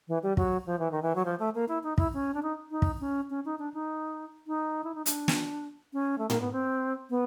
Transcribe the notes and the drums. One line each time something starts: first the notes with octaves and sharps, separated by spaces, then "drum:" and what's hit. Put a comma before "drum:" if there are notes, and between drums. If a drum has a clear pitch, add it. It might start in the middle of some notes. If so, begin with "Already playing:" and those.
E3
G3
F#3, drum: kick
F3
E3
D#3
E3
F#3
F3
A3
A#3
E4
D#4
E4, drum: kick
C#4
D4
D#4
D#4
drum: kick
C#4
C#4
D#4
D4
D#4
D#4
E4
D#4
D4, drum: hi-hat
drum: snare
C#4
A3
A#3, drum: tom
B3
C4
B3